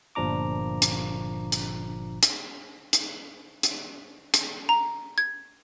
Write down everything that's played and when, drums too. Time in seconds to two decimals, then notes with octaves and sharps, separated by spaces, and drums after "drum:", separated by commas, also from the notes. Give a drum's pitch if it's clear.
0.15 G1 A#2 F3 D4 A#5 D6
0.82 drum: hi-hat
1.52 drum: hi-hat
2.23 drum: hi-hat
2.93 drum: hi-hat
3.63 drum: hi-hat
4.34 drum: hi-hat
4.69 A#5
5.18 G#6